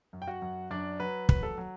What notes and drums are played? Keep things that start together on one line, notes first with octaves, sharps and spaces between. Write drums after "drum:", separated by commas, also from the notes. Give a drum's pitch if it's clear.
F#2
G5
F#4 F#5
F#2
F#2 D4 D5
F#3 B4
F#3 B4, drum: kick
A4
F#3